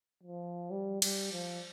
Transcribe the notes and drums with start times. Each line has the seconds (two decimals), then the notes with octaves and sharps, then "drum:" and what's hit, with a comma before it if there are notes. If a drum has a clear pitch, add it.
0.23 F3
0.71 G3
1.02 G3, drum: cymbal
1.32 F3